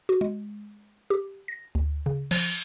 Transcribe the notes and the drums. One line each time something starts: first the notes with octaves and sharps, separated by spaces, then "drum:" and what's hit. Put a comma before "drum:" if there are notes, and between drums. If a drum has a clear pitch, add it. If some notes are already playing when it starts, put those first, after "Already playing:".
F#4
G#3
G4
A#6
D2
C#3
F3, drum: cymbal